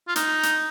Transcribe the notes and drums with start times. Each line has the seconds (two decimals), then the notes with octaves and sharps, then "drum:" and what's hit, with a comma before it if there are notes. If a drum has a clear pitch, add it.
0.08 F4
0.16 D#4, drum: hi-hat
0.43 drum: hi-hat